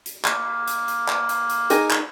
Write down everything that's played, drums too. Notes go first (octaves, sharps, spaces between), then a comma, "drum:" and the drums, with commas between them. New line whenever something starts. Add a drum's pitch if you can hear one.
drum: hi-hat
A#3, drum: clap
drum: hi-hat
drum: hi-hat
drum: clap
drum: hi-hat
drum: hi-hat
D#4 G#4 A#4, drum: hi-hat
drum: clap